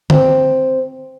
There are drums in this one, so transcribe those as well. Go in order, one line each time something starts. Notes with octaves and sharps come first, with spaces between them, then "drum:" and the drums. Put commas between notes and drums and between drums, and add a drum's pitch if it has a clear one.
C4, drum: tom D3